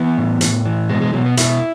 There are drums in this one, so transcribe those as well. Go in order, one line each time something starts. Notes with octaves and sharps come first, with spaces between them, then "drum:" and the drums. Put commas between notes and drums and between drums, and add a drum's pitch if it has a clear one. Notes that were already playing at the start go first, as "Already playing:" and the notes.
Already playing: E3 B3
A2
A2, drum: hi-hat
E3
B2 G#3
G#3
B2 F#3
B3
B2 E4, drum: hi-hat